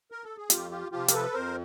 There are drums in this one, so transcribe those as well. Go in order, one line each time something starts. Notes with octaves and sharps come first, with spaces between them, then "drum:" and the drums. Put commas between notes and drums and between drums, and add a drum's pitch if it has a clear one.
A#4
A4
G#4
F2 F4 G4, drum: hi-hat
F4 G4
C3 F3 F4 G4
A#4, drum: hi-hat
A4 B4
F2 A#4 C5